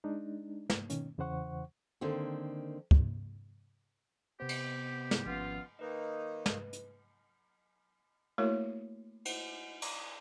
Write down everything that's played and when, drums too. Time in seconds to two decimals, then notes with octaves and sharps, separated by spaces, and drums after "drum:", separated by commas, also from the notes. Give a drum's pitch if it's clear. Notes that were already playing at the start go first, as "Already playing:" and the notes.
0.04 G#3 D4 D#4
0.70 drum: snare
0.90 B2 D#3 C#4, drum: hi-hat
1.18 E2 C#3 E3 C5 F#5 C#6
2.01 D3 D#3 A#3 C4
2.91 drum: kick
4.40 C3 B3 G4 C5
4.49 drum: cymbal
5.11 drum: snare
5.26 G#1 F3 B3 C#4 F4
5.79 D#3 A#3 D#4 B4 D#5
6.46 drum: snare
6.73 drum: hi-hat
8.38 A3 A#3 E4 F#4 A#4 C#5
9.25 drum: cymbal
9.82 drum: cymbal